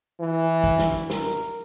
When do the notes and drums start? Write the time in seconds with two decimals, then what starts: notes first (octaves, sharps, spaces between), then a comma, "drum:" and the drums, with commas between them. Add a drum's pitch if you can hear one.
0.20 E3
0.64 drum: kick
0.78 drum: snare
1.10 A#4, drum: snare
1.25 drum: tambourine